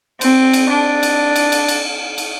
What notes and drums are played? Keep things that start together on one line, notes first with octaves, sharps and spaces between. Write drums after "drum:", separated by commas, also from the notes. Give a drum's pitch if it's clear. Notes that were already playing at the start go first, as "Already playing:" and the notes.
C4, drum: cymbal
drum: cymbal
D4
drum: cymbal
drum: cymbal
drum: cymbal
drum: cymbal
drum: cymbal